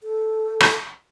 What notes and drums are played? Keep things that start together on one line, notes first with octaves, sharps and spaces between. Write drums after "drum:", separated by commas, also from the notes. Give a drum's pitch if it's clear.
A4
drum: rim click